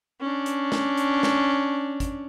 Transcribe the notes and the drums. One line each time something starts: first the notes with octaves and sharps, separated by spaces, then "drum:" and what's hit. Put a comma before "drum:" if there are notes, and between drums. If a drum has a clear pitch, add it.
C#4 D4
drum: hi-hat
drum: snare
drum: hi-hat
drum: snare
drum: kick, hi-hat